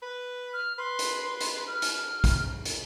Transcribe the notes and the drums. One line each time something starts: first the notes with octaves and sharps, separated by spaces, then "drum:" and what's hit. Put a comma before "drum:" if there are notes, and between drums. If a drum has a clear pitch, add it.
B4
F6
B4 C6
drum: hi-hat
drum: hi-hat
F6
drum: hi-hat
drum: kick, hi-hat
drum: hi-hat